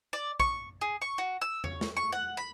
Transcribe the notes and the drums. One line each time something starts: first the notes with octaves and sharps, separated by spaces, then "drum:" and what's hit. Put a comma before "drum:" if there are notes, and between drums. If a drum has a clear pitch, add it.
D5
C#6, drum: kick A#1
G#4
C#6
F#4
E6
C#5, drum: tom E2
drum: snare
C#6
F#5
B5